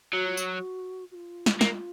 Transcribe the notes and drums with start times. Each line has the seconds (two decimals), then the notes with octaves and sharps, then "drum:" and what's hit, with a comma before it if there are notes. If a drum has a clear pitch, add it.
0.13 F#3 F#4
0.26 F4
0.37 F#4, drum: tambourine
1.11 F#4
1.14 F4
1.46 drum: snare
1.61 A#3, drum: snare